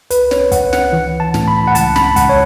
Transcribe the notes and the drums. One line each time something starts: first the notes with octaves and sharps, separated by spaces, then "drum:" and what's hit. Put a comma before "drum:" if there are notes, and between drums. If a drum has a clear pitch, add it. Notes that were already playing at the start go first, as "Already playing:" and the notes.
C#2 B4, drum: hi-hat
C#5, drum: snare
C#2 F#5, drum: kick, hi-hat
F#5, drum: snare
E3
A5
A2, drum: snare
B5
F#5
C#2 A5, drum: hi-hat
B5, drum: snare
C#2 F#5, drum: kick, hi-hat
C#5